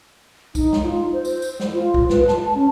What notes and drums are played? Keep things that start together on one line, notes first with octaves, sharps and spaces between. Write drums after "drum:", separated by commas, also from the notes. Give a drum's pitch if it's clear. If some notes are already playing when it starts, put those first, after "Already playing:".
D#4, drum: kick C2, tambourine
drum: snare
F4
C5
drum: tambourine
drum: tambourine
drum: snare
F4
drum: kick C2
B4, drum: snare
A5, drum: snare
C#4